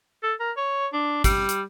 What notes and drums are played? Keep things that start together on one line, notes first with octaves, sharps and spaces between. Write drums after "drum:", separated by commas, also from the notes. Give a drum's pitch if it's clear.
A4
A#4
C#5
D4
G3, drum: kick, hi-hat
drum: hi-hat